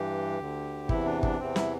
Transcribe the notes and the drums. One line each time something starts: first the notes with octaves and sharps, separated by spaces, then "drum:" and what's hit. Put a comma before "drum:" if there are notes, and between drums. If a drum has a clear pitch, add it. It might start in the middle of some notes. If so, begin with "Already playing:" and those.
Already playing: G2 E3 G4
D2 D3
E2 C3 E3 E4, drum: kick
D4
D4, drum: kick
E2 C3 E3 C4
E4, drum: snare